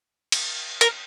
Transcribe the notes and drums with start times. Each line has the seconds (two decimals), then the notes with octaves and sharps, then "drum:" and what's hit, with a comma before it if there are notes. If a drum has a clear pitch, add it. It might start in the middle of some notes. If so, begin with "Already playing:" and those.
0.32 drum: cymbal
0.81 A#4, drum: hi-hat